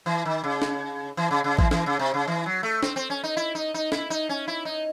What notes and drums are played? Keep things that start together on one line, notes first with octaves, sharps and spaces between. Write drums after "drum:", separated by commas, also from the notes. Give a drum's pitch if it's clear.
E3
D#3
C#3
drum: snare
E3
C#3
C#3
E3, drum: kick A1
E3, drum: snare
C#3
C3
C#3
E3
F#3
A3
C4, drum: snare
C4
C#4
D#4
E4
D#4
D#4
E4, drum: snare
D#4
C#4
E4
D#4